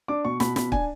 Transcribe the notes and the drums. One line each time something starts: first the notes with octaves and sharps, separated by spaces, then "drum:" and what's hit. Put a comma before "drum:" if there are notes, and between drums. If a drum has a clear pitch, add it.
D4 D6
B2 C#6
B2 B5, drum: snare
B2 B5, drum: snare
D4 G#5, drum: kick